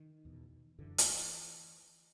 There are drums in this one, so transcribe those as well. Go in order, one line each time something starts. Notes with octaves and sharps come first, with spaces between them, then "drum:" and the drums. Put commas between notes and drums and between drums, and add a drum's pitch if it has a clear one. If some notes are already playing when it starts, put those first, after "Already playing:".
Already playing: D#3
E2 B2
F#2 D3 E3
drum: hi-hat